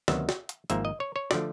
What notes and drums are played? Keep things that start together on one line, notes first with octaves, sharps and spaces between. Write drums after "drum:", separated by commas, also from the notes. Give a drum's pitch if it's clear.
D2 C3 D#3 F#3 B3 E5, drum: snare
drum: snare
drum: hi-hat
G#1 G#2 F3 A#3 E5, drum: hi-hat
D#5
C#5
C#5
D3 F3 A3 D5, drum: snare